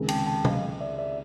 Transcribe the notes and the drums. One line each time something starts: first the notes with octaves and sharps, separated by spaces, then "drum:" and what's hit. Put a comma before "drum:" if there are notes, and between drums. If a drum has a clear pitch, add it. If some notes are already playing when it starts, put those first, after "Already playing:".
Already playing: C#2 C3 D#3 G#3
G5 A5, drum: cymbal
G5 A5
D#5 F5, drum: tom
D5 E5
D5 E5